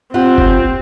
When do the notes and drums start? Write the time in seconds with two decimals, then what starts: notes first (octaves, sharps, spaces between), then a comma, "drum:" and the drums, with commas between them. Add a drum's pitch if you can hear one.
0.14 C4 F4 G4 F#5
0.38 drum: kick F#1